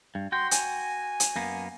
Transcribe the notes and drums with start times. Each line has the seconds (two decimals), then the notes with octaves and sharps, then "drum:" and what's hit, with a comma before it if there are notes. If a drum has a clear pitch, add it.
0.15 G2
0.32 F#4 G5 C6
0.51 G#5, drum: hi-hat
1.20 drum: hi-hat
1.36 F#2 A#3 B3